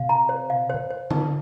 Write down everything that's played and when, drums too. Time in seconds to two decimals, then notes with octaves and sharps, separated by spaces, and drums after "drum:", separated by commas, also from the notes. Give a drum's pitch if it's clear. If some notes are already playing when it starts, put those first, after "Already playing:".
Already playing: C3 F5
0.09 A#5
0.29 C5
0.50 F5
0.70 C5
0.90 C5
1.11 D3 D#4, drum: tom D#3